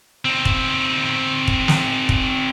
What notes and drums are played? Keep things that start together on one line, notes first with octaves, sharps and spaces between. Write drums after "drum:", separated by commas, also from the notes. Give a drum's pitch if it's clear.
C4 D#4
drum: kick
drum: kick
drum: snare
drum: kick